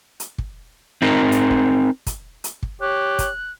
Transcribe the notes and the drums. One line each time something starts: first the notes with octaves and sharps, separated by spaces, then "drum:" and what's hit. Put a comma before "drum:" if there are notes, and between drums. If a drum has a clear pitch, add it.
drum: hi-hat
drum: kick
C4 D#4 A#4
drum: hi-hat
drum: kick
drum: kick, hi-hat
drum: hi-hat
drum: kick
G4 C#5 F#6
drum: kick, hi-hat